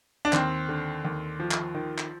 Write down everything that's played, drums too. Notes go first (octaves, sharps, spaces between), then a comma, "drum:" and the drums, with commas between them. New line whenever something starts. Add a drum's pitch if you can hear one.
D4
D#2 C4, drum: clap
D3
D#2
F3
drum: clap
D#3
drum: clap